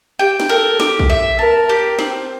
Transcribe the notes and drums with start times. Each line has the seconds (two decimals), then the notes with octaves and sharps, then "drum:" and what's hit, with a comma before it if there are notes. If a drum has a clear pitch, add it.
0.19 G4 G5
0.40 drum: snare
0.49 A4 A#4
0.80 G4, drum: snare
0.99 drum: kick A#1
1.10 E5
1.39 A#4 A5
1.69 G4
1.99 C4, drum: snare